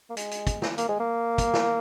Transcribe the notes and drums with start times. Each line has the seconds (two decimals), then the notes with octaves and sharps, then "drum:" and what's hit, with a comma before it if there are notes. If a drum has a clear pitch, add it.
0.10 A#3
0.17 G#3, drum: hi-hat
0.31 drum: hi-hat
0.47 drum: kick, hi-hat
0.62 drum: snare
0.78 A#3, drum: hi-hat
0.89 G#3
1.00 A#3
1.38 drum: kick, hi-hat
1.54 drum: snare